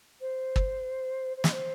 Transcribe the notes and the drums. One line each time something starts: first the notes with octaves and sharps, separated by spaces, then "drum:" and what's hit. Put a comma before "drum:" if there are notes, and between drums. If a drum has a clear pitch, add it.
C5
drum: kick
C5
D#5, drum: snare
C5